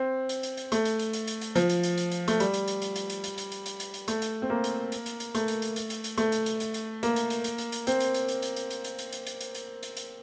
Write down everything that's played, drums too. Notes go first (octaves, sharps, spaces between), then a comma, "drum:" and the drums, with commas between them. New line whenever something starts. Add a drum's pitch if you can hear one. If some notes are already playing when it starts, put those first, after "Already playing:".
Already playing: C4
drum: hi-hat
drum: hi-hat
drum: hi-hat
A3, drum: hi-hat
drum: hi-hat
drum: hi-hat
drum: hi-hat
drum: hi-hat
drum: hi-hat
F3, drum: hi-hat
drum: hi-hat
drum: hi-hat
drum: hi-hat
drum: hi-hat
A3, drum: hi-hat
G3, drum: hi-hat
drum: hi-hat
drum: hi-hat
drum: hi-hat
drum: hi-hat
drum: hi-hat
drum: hi-hat
drum: hi-hat
drum: hi-hat
drum: hi-hat
drum: hi-hat
drum: hi-hat
A3, drum: hi-hat
drum: hi-hat
C4
A#3
drum: hi-hat
drum: hi-hat
drum: hi-hat
drum: hi-hat
A3, drum: hi-hat
drum: hi-hat
drum: hi-hat
drum: hi-hat
drum: hi-hat
drum: hi-hat
A3, drum: hi-hat
drum: hi-hat
drum: hi-hat
drum: hi-hat
drum: hi-hat
A#3, drum: hi-hat
drum: hi-hat
drum: hi-hat
drum: hi-hat
drum: hi-hat
drum: hi-hat
C4, drum: hi-hat
drum: hi-hat
drum: hi-hat
drum: hi-hat
drum: hi-hat
drum: hi-hat
drum: hi-hat
drum: hi-hat
drum: hi-hat
drum: hi-hat
drum: hi-hat
drum: hi-hat
drum: hi-hat
drum: hi-hat
drum: hi-hat